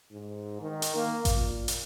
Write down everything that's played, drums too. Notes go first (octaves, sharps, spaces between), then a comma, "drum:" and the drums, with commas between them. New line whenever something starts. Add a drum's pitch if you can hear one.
G#2
D#3
drum: hi-hat
A#3
drum: kick G#1, hi-hat
A#2
drum: hi-hat